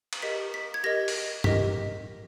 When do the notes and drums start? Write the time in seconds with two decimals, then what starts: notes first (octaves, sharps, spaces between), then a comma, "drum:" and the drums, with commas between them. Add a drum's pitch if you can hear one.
0.13 drum: cymbal
0.22 G4 A#4 D#5 B6
0.54 B6
0.74 G#6
0.84 G4 A#4 D#5 A#6
1.08 drum: open hi-hat
1.44 G4 A#4 D#5 B6, drum: tom G2